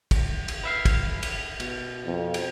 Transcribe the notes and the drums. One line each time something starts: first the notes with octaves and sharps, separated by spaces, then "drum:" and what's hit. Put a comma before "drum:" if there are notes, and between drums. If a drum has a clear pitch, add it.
drum: kick, cymbal
drum: cymbal
B4 E5 F5
drum: kick, cymbal
drum: cymbal
B2, drum: cymbal
F2
drum: cymbal